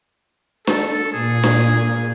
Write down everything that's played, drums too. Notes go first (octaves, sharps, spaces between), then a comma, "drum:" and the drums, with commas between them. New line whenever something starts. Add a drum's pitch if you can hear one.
A4, drum: snare D4
A#2 G#4
drum: snare D4